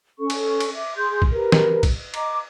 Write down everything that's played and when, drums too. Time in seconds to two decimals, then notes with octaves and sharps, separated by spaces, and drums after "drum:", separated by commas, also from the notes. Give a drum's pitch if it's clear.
0.19 C#4 A4 C#6
0.30 drum: cymbal
0.60 drum: cymbal
0.74 E5 D6
0.96 G#4 C6 G6
1.22 drum: kick
1.33 G4 A#4 B4
1.52 drum: snare
1.83 drum: kick, cymbal
2.14 D#5 A#5 D6, drum: cymbal